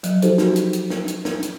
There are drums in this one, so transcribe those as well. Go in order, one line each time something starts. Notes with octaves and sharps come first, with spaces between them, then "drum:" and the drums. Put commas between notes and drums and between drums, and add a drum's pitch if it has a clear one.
F3 F#3, drum: hi-hat
D#4 F#4 G4 A4 C5, drum: hi-hat
drum: snare
drum: hi-hat
drum: hi-hat
drum: snare
drum: hi-hat
drum: snare
drum: hi-hat